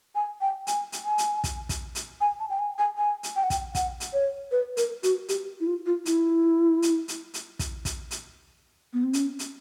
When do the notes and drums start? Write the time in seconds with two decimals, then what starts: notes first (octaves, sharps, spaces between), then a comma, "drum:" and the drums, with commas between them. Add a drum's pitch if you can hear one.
0.15 G#5
0.41 G5
0.67 G#5, drum: hi-hat
0.92 drum: hi-hat
1.05 G#5
1.18 drum: hi-hat
1.44 drum: kick, hi-hat
1.69 drum: kick, hi-hat
1.95 drum: hi-hat
2.21 G#5
2.40 A5
2.50 G5
2.59 G#5
2.79 G#5
2.98 G#5
3.23 drum: hi-hat
3.36 G5
3.43 F#5
3.50 G5, drum: kick, hi-hat
3.75 F#5, drum: kick, hi-hat
4.00 drum: hi-hat
4.13 C#5
4.52 B4
4.77 A#4, drum: hi-hat
5.03 F#4, drum: hi-hat
5.29 G4, drum: hi-hat
5.60 E4
5.67 F4
5.86 F4
6.06 E4, drum: hi-hat
6.82 drum: hi-hat
7.08 drum: hi-hat
7.34 drum: hi-hat
7.59 drum: kick, hi-hat
7.85 drum: kick, hi-hat
8.11 drum: hi-hat
8.93 B3
9.03 C4
9.13 C#4, drum: hi-hat
9.39 drum: hi-hat